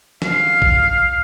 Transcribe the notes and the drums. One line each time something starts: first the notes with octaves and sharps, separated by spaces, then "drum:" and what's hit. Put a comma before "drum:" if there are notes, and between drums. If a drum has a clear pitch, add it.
F5, drum: snare
drum: kick A#1